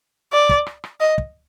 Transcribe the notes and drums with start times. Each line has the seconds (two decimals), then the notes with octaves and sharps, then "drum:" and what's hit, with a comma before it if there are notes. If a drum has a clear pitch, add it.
0.33 D5
0.49 drum: kick
0.66 drum: rim click
0.84 drum: rim click
1.01 D#5
1.18 drum: kick